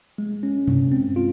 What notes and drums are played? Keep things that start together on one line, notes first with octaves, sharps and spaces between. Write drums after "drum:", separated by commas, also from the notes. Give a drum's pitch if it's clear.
G#3
C#4
G2, drum: tom C3
C4
F4